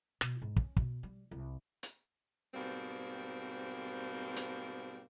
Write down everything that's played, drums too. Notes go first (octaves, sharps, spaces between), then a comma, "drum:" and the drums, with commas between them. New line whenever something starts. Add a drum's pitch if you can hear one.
B2, drum: rim click
G#2
C#4, drum: kick
B2, drum: kick
G3
C2
drum: hi-hat
G#2 B2 G3 A#3 C4
drum: hi-hat